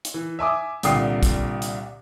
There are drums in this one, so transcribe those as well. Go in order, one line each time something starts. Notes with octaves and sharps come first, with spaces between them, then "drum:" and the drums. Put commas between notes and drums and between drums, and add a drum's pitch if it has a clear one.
drum: hi-hat
E3
E5 G#5 D6 D#6
C2 A#2 D3 G5 D#6 C7, drum: hi-hat
drum: kick, hi-hat
drum: hi-hat